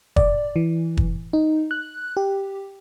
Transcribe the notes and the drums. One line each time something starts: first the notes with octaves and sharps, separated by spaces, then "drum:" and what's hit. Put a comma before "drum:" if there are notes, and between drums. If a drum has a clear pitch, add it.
D5, drum: kick
E3
drum: kick
D#4
F#6
G4